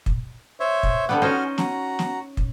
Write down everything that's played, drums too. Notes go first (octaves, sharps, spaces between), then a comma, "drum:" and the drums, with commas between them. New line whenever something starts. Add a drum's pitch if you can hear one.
drum: kick
C5 C#5 E5
drum: kick
D3 G3 B3 D6
C#4 D#4 F#4 C5 G#5 F6
F#4 A#5, drum: snare
drum: snare
drum: kick